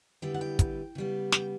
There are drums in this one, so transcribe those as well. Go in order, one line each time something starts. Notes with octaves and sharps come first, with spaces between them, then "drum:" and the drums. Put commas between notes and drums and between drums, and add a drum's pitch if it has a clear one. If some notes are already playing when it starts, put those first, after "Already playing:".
D3 G3 B3 E4 G5
F#5
G5
drum: kick, hi-hat
C#3 G3 B3
G5, drum: snare